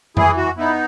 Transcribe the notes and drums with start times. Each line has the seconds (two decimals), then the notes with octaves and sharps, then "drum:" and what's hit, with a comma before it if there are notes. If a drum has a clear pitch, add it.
0.17 E3 E4 G#4, drum: tom F2
0.37 F#4
0.57 B3 D#4 E4